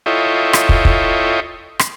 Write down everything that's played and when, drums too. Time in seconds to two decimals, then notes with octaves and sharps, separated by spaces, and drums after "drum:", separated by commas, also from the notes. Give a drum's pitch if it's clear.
0.06 E4 F4 A4 C#5 D#5 G5
0.53 drum: rim click
0.69 drum: kick
0.85 drum: kick
1.79 drum: rim click